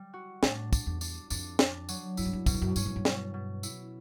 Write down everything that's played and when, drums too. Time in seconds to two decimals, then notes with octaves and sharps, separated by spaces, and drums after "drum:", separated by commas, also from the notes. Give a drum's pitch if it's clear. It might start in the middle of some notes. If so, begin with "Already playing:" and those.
Already playing: G3
0.14 F#4
0.43 A2 D4, drum: snare
0.73 D4, drum: kick, tambourine
0.87 E2
1.01 D4, drum: tambourine
1.30 F2 D4, drum: tambourine
1.59 D4, drum: snare
1.89 F#3, drum: tambourine
2.17 F#2 E4, drum: tambourine
2.25 G2
2.33 F#2
2.46 F#2 B2, drum: kick, tambourine
2.54 F2
2.62 F#2
2.76 G2 C#4, drum: tambourine
2.86 G#2
2.96 G2
3.05 B2, drum: snare
3.34 B2
3.63 E4, drum: tambourine